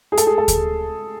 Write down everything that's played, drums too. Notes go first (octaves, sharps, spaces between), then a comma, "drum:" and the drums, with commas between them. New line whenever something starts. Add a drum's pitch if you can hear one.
G#4
A4, drum: hi-hat
G#4
A4
drum: kick D2, hi-hat